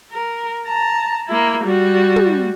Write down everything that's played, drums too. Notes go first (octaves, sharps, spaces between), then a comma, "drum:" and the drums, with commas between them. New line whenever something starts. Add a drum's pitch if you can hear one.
A#4
A5 A#5
A#3 E4
G3 F#4
drum: tom